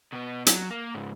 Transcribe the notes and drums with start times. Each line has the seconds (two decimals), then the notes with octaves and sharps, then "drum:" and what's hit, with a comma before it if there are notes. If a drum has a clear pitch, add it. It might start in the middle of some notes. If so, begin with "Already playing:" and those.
0.13 B2 B3
0.46 F#3, drum: hi-hat
0.71 A#3
0.95 C#2 G#2